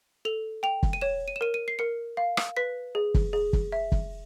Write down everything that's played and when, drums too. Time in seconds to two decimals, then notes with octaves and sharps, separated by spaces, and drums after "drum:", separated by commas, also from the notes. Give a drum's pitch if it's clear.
0.25 A4 F7
0.63 G5 F7
0.83 drum: kick
0.93 D#7
1.01 C#5 E7
1.28 D#7
1.36 E7
1.41 A#4 D#7
1.54 D#7
1.68 C7
1.79 A#4 C#7
2.17 F5
2.37 drum: rim click
2.57 B4 B6
2.95 G#4
3.14 drum: kick
3.33 G#4
3.53 drum: kick
3.72 E5
3.92 drum: kick